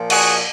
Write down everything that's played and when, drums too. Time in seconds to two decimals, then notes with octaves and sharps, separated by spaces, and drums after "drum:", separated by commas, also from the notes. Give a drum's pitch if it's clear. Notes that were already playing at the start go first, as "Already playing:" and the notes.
Already playing: A#2 F3
0.10 F#4 G#4, drum: cymbal